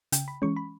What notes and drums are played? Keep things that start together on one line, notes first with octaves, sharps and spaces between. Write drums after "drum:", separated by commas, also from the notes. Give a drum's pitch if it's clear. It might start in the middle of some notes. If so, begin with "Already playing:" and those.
C#3 G5, drum: hi-hat
B5
E3 G#3 C#4 C#6
B5